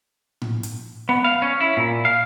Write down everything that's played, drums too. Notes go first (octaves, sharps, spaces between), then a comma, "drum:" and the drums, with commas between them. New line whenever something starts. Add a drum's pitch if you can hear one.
drum: tom A2
drum: hi-hat
B3
F5
C#4
E4
A#2
F5